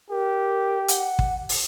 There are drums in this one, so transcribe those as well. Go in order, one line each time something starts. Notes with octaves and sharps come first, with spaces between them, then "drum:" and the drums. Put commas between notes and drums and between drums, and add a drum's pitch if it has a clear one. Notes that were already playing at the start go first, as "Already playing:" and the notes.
G4 A#4
F#5, drum: hi-hat
drum: kick
drum: open hi-hat